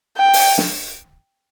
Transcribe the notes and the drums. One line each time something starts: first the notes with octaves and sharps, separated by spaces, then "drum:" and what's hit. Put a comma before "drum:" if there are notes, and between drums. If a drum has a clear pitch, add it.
G5
drum: open hi-hat
drum: snare